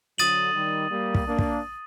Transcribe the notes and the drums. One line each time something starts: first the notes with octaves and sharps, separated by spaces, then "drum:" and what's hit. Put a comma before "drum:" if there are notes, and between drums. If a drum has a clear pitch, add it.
D3 F#3 D#6 A6 D#7 F#7
D#3 G3
G3 A#3
drum: kick
A#3 D4
drum: kick